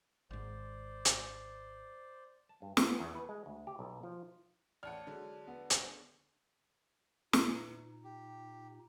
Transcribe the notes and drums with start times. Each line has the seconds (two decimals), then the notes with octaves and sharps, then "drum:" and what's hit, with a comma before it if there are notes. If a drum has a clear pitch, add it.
0.31 G#1 G#2 C5 D5
1.05 drum: hi-hat
2.49 A5
2.62 G2
2.77 C4, drum: snare
2.89 B3
3.00 E2
3.15 B4
3.29 G#3
3.46 D2
3.67 G4
3.79 B1
4.03 F3
4.83 A1 D5 F#5 A5 F6
5.07 D3 F#3 G#3
5.47 B3
5.70 drum: hi-hat
7.33 A#2 D#4, drum: snare
8.04 G4